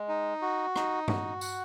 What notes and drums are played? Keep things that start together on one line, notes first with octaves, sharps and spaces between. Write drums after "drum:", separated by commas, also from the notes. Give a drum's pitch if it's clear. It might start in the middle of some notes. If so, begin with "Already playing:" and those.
Already playing: G#3
D#4
F#4
D#4, drum: rim click
F#4, drum: tom G2
F#5, drum: tambourine